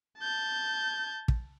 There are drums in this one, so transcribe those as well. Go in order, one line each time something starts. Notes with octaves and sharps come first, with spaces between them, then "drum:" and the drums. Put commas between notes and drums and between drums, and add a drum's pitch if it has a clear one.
A5 G6
drum: kick